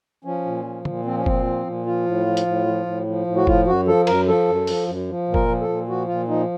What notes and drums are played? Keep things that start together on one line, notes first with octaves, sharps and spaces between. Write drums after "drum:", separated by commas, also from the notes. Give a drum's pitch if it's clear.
F3 C#4
A#2
F3
A#2, drum: tom
F3 C4
C#4
A#2 C4, drum: kick F#1
F3
A#2
F3 F4
A2
F3
drum: hi-hat
A2
F3
A2
F3
A2
F#4
F3 F4, drum: kick F#1
F#2 F#4
F3 A4
F#2 A#4, drum: cymbal
F3 A4
F#2
F3, drum: open hi-hat
F#2
F3
A#2
A#4, drum: kick F#1
F3
A4
A#2
F3 F#4
A#2 F4
F3 D#4